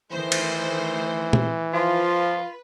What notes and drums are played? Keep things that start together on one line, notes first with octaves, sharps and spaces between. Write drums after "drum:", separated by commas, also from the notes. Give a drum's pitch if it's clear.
D#3 E3 A3 C5
drum: cymbal
drum: tom A#2
F3 F4 B4